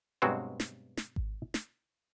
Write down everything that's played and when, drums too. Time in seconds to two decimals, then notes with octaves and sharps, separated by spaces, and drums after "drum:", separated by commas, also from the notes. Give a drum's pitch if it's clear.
0.22 G2 B2 F#3 G#3 C4 F#4
0.60 drum: snare
0.97 drum: snare
1.16 drum: kick G#1
1.54 drum: snare